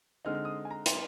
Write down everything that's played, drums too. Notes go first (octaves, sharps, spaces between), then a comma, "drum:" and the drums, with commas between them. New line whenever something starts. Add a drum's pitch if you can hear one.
D3 G#3 C4 D#4 F6
F6
D#6
G#5
A#5
C6, drum: hi-hat